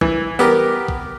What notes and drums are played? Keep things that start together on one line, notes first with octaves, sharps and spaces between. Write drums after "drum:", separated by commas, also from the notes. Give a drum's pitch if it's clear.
E3, drum: kick
B3 G4 A#4, drum: tambourine
drum: kick